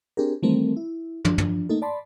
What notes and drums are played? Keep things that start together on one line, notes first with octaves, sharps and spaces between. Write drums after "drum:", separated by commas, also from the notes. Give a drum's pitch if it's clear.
C4 D4 G4 G#4 A#4
D#3 E3 G3 A3 C4 A#4
E4
F3 D4, drum: tom
drum: tom
A3 A#3 D#4 A4
D5 A5 B5 C6